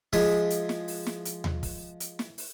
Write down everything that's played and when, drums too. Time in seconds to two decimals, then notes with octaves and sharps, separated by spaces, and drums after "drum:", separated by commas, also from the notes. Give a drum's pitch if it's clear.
0.13 F3 G#3 G#4 E5, drum: kick, open hi-hat
0.50 drum: hi-hat
0.69 drum: snare
0.88 drum: open hi-hat
1.07 drum: snare
1.25 drum: hi-hat
1.44 drum: tom D#2
1.63 drum: kick, open hi-hat
2.00 drum: hi-hat
2.19 drum: snare
2.38 drum: open hi-hat